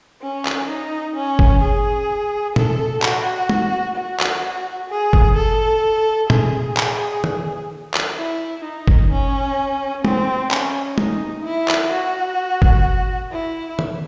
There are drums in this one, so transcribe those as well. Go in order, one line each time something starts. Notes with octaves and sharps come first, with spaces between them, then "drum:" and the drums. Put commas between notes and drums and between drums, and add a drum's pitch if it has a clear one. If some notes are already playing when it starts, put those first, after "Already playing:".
C#4
drum: clap
D#4
C#4
drum: kick
G#4
A4, drum: tom A#2
F#4, drum: clap
drum: tom
F#4
drum: clap
G#4
drum: kick
A4
G#4, drum: tom A#2
drum: clap
drum: tom D#3
drum: clap
E4
D#4
drum: kick
C#4
C4, drum: tom
C#4, drum: clap
D#4, drum: tom
E4
drum: clap
F#4
drum: kick
E4
drum: tom D#3